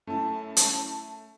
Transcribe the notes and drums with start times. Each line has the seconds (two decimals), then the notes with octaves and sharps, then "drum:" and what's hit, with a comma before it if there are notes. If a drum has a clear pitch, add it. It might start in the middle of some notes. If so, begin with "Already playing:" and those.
0.07 F#2 A3 E4 A5
0.57 drum: hi-hat